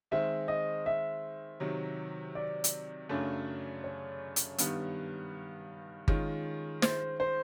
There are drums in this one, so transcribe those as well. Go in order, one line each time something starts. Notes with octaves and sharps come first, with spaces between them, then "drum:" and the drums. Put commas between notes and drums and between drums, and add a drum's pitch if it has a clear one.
D#3 G#3 C4 E5
D#5
E5
C3 D#3 F#3
D5
drum: hi-hat
F#2 C#3 F#3 A3 D4
C#5
drum: hi-hat
G2 D#3 G3 B3, drum: hi-hat
D#3 G#3 C#4 F4, drum: kick G1
C5, drum: snare
C5